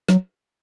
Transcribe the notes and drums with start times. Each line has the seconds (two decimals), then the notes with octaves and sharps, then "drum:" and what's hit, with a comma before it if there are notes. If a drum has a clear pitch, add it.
0.08 F#3, drum: snare